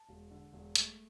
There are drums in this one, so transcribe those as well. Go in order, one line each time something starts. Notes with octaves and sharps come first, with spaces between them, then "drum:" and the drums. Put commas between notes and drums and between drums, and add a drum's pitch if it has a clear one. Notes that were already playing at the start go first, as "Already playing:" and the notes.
Already playing: A5
E1
D3
E1
A3, drum: hi-hat